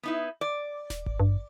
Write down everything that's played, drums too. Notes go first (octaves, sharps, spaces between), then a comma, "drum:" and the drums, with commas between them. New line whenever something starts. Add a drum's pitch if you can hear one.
B3 D#4 E4
D5
drum: snare D#1
drum: kick G#1
G2